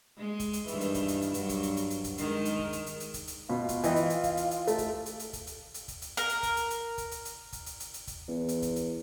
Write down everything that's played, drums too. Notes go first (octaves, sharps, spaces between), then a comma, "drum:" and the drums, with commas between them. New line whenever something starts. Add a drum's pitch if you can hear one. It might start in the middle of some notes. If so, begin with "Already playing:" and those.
G#3
drum: kick, hi-hat
drum: hi-hat
G2 D#3 E3, drum: hi-hat
drum: hi-hat
drum: kick, hi-hat
drum: hi-hat
drum: hi-hat
G2 F#3, drum: hi-hat
drum: kick, hi-hat
drum: hi-hat
drum: hi-hat
drum: hi-hat
drum: kick, hi-hat
D#3 G#3, drum: hi-hat
drum: hi-hat
drum: kick
drum: hi-hat
drum: hi-hat
drum: hi-hat
drum: kick, hi-hat
drum: hi-hat
B2 F4
drum: kick, hi-hat
E3 D#5 G5, drum: hi-hat
drum: hi-hat
drum: hi-hat
drum: kick, hi-hat
drum: hi-hat
drum: hi-hat
A3, drum: hi-hat
drum: kick, hi-hat
drum: hi-hat
drum: hi-hat
drum: kick, hi-hat
drum: hi-hat
drum: hi-hat
drum: kick, hi-hat
drum: hi-hat
A#4, drum: hi-hat
drum: hi-hat
drum: kick, hi-hat
drum: hi-hat
drum: hi-hat
drum: kick, hi-hat
drum: hi-hat
drum: hi-hat
drum: kick, hi-hat
drum: hi-hat
drum: hi-hat
drum: hi-hat
drum: kick, hi-hat
E2
drum: hi-hat
drum: kick, hi-hat
drum: hi-hat